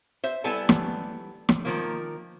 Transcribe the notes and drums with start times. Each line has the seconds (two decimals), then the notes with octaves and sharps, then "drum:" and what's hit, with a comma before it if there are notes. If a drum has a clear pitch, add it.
0.24 C5 E5
0.44 G3 B3 E4 A4 G#5 A5
0.69 drum: snare
1.49 drum: snare
1.65 D#3 F3 A#3